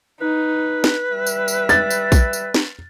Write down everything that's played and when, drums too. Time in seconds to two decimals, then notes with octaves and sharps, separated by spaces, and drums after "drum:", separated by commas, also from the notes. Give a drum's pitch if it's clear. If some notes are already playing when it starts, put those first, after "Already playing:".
0.21 D#4 B4
0.84 drum: snare
1.13 G3 E5
1.27 drum: tambourine
1.48 drum: tambourine
1.69 A6, drum: tambourine
1.90 drum: tambourine
2.12 drum: kick A#1, tambourine
2.33 drum: tambourine
2.54 drum: snare